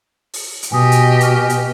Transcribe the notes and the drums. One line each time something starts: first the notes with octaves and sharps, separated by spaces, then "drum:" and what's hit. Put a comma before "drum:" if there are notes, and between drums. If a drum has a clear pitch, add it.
drum: open hi-hat
drum: hi-hat
B2 G4 D#5 G#5 D#6
drum: hi-hat
G#5 C#6 F6, drum: hi-hat
drum: hi-hat